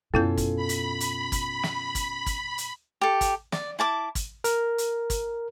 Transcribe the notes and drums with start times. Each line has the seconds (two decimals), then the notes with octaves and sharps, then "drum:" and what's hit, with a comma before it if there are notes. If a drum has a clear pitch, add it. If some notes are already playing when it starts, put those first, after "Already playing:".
0.14 F#2 B2 C#4 E4 F4 A4 G6
0.37 drum: kick, hi-hat
0.56 B5
0.69 drum: hi-hat
1.00 drum: hi-hat
1.32 drum: kick, hi-hat
1.63 drum: snare
1.95 drum: kick, hi-hat
2.26 drum: kick, hi-hat
2.58 drum: hi-hat
3.01 G4 A4
3.21 drum: kick, hi-hat
3.52 D5, drum: snare
3.79 E4 A5 D6
4.15 drum: kick, hi-hat
4.44 A#4, drum: hi-hat
4.78 drum: hi-hat
5.10 drum: kick, hi-hat